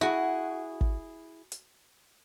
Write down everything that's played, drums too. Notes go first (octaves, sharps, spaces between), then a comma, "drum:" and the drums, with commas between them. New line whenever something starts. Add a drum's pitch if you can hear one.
E4 F#4 G#4
drum: kick
drum: hi-hat